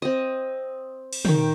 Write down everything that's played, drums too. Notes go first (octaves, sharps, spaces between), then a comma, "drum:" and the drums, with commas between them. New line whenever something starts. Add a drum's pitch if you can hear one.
C4 D#5
drum: cymbal
D#3 G5, drum: tom